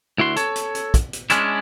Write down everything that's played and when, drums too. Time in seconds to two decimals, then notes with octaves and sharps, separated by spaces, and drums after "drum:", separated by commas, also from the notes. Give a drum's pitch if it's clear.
0.18 D2 E4 F#4 C6
0.36 A4 C#5, drum: hi-hat
0.56 drum: hi-hat
0.75 drum: hi-hat
0.94 drum: kick, hi-hat
1.13 drum: hi-hat
1.30 G#3 C#4 D4 E4, drum: hi-hat